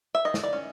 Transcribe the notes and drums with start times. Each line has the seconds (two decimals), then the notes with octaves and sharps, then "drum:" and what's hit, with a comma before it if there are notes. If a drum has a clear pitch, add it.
0.15 E5
0.25 D#3 D#5
0.34 drum: snare
0.43 D5
0.53 C#4